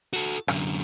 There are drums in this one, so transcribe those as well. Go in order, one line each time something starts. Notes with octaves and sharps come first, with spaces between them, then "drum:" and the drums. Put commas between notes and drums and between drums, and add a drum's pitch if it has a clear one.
F#4 A4
F#2 D3, drum: rim click